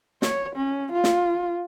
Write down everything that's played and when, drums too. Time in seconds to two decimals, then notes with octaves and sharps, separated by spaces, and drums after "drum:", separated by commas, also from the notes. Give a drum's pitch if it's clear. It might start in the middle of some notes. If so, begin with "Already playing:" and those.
0.22 C#5, drum: snare
0.55 C#4
0.92 F4
1.04 drum: snare